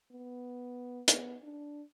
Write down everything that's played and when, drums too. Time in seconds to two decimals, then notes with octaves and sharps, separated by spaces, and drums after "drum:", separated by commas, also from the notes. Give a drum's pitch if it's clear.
0.11 B3
1.08 B3, drum: hi-hat
1.43 D4